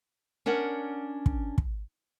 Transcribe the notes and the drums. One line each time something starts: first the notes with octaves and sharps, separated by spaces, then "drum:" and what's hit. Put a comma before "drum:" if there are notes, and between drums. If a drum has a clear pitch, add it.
C#4 D4 A#4 F#5
drum: kick
drum: kick